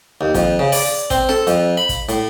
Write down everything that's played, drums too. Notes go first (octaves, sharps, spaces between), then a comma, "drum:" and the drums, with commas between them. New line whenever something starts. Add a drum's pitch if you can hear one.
D#2
F2, drum: kick, hi-hat
C#3
D5, drum: open hi-hat
C4, drum: kick, hi-hat
A4, drum: snare
F2, drum: hi-hat
B5
drum: kick, hi-hat
A2, drum: hi-hat